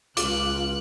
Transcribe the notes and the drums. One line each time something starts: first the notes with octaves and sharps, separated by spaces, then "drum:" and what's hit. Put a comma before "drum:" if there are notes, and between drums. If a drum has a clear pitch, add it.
C#2 F4 D6 F#6, drum: hi-hat